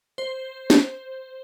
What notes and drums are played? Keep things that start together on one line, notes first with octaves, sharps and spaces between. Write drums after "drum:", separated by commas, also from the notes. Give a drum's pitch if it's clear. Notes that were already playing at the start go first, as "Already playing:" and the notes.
C5
drum: snare